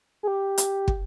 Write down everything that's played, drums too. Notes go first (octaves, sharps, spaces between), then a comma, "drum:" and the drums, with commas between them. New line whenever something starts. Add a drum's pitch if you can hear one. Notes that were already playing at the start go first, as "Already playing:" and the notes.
G#4
G4
drum: hi-hat
drum: kick